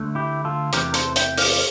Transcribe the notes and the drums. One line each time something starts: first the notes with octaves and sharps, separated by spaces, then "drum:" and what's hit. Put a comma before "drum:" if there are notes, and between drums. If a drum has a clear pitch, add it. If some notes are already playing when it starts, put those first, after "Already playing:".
Already playing: D2 D3 A3
E4 G4
F4 A4
E2 C3 E3 A3 G4 A#4, drum: hi-hat
A4 C5, drum: hi-hat
E5 G5, drum: hi-hat
D5 F5, drum: open hi-hat